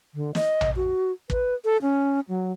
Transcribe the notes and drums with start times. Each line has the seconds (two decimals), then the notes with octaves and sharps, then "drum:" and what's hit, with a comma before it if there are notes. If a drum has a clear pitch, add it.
0.15 D3
0.35 D#5, drum: snare
0.61 drum: tom A#1
0.76 F#4
1.30 B4, drum: kick
1.65 A4
1.82 C#4
2.29 F#3